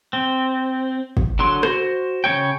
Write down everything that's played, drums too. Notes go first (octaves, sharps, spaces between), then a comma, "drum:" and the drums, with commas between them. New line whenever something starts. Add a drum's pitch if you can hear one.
C4
drum: kick
D3 F#3 C6
F#4 C5, drum: rim click
C#3 A#3 C#5 G5